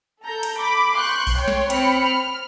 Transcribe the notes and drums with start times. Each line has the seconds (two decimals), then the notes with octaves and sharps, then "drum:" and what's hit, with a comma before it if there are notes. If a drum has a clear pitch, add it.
0.22 A4 A#5 G6
0.43 drum: hi-hat
0.59 B5 D6
0.95 C6 C#6 F#6 G6
1.27 drum: kick B1, open hi-hat
1.38 C#5 G5 C6
1.48 drum: snare
1.70 C4 G5 B5 F6 C#7, drum: hi-hat
2.02 F6